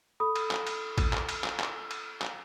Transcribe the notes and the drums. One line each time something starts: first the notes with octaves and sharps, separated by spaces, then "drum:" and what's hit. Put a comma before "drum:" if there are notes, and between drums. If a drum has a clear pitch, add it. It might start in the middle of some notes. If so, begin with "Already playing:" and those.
A4 B5 D#6
drum: cymbal
drum: clap
drum: cymbal
drum: kick, cymbal
drum: clap
drum: cymbal
drum: clap
drum: clap
drum: cymbal
drum: clap